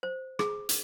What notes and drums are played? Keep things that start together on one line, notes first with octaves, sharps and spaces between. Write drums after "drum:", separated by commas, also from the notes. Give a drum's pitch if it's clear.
C5
G#4, drum: rim click
drum: hi-hat